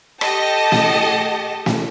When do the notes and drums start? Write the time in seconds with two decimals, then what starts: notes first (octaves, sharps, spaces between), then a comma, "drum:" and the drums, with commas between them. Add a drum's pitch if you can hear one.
0.21 G4 A4 D#5 A5, drum: rim click
0.72 drum: snare
1.66 drum: snare